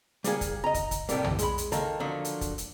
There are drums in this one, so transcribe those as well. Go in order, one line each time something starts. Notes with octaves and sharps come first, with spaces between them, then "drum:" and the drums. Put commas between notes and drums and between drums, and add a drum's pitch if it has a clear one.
G3 A#3 G#4, drum: hi-hat
drum: kick, hi-hat
D#5 A#5
drum: kick, hi-hat
drum: kick, hi-hat
A2 C3 G3 A#3, drum: hi-hat
drum: tom
G#3 B5, drum: hi-hat
drum: hi-hat
D#3 A#3 A4 A#5, drum: hi-hat
D3 F3 F#3 A#3
drum: hi-hat
drum: kick, hi-hat
drum: hi-hat